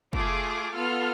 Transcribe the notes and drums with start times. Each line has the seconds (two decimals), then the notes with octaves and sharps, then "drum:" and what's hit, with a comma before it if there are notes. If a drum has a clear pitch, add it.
0.13 A3 F4 G#4 D6, drum: kick
0.74 B3 F4 A4 F6